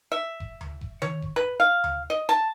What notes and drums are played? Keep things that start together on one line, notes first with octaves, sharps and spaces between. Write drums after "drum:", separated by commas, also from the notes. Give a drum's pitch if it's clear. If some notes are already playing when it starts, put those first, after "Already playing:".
E5
drum: kick F1
drum: tom D2
drum: kick F1
C#5, drum: tom D#3
drum: kick F1
B4
F5
drum: tom D2
D#5
A5